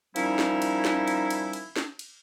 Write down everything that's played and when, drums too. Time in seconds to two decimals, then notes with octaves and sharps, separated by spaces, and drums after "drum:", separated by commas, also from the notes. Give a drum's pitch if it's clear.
0.16 D#3 F3 G3 C#4 D#4 E4, drum: cymbal
0.39 drum: snare
0.62 drum: cymbal
0.85 drum: snare
1.08 drum: cymbal
1.30 drum: cymbal
1.53 drum: cymbal
1.76 drum: snare
1.99 drum: cymbal